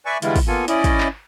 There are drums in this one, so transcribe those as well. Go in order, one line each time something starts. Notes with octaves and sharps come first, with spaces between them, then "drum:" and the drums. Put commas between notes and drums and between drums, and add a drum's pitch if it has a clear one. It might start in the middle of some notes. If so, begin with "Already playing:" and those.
B4 D5 E5 G#5 C#6
D3 E3 G3 G#3 E4 F4, drum: hi-hat
drum: kick, open hi-hat
A#3 B3 F4 A4 G#5
C#4 E4 D5 D#5, drum: hi-hat
drum: kick, hi-hat
drum: clap